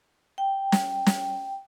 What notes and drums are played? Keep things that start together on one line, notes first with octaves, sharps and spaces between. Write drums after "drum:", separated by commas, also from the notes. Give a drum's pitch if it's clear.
G5
drum: snare
drum: snare